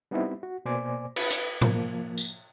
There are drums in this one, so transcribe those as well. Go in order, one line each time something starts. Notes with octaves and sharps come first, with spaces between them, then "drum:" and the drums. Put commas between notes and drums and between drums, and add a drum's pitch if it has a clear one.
G3 B3 C4 D#4 E4
F#4
B2 A#3 C5 D5 G#5 D6
B4, drum: cymbal
drum: hi-hat
F3 A#3, drum: tom
drum: tambourine